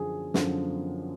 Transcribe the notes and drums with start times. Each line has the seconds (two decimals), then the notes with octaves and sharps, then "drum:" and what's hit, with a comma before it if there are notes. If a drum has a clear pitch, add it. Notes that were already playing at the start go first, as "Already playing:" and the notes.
Already playing: F#2 D3 F3 G#4
0.34 F#2 D3 F3 G#4, drum: snare